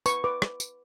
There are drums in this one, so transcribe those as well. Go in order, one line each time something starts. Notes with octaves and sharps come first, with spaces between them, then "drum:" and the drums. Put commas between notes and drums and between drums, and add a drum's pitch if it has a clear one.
B4 C#6, drum: tambourine
B4 D6
drum: rim click
drum: tambourine